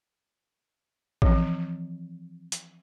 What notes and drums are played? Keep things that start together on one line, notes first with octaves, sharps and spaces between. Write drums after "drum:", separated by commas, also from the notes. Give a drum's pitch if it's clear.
E3 F3 C4, drum: kick A1
drum: hi-hat